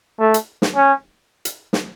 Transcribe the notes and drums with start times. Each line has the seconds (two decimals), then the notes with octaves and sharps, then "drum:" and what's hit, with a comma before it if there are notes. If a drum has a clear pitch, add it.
0.20 A3
0.34 drum: hi-hat
0.62 drum: snare
0.76 C#4
1.45 drum: hi-hat
1.73 drum: snare